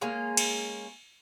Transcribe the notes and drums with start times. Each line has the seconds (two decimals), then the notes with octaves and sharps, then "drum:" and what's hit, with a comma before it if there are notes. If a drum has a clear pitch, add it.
0.01 G#3 A#3 C#4 G#4
0.37 drum: cymbal